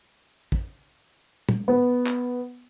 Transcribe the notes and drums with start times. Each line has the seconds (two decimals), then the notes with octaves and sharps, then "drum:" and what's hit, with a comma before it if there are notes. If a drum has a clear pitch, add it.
0.52 drum: kick
1.49 drum: tom
1.68 B3
2.06 drum: clap